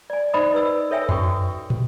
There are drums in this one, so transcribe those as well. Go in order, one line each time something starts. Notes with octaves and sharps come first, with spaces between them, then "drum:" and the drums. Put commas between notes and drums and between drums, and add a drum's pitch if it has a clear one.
D5 G#5
D#4 C5 D5 D#5 B5 D#6
B4 E6
A4 C#5 E5 G5 G#5 E6
F#4 G5 C#6 D#6, drum: tom F2
drum: tom